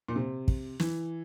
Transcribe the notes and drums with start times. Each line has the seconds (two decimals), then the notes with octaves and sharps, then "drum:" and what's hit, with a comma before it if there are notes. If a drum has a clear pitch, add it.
0.08 A#2
0.16 C3
0.48 drum: kick
0.80 E3, drum: snare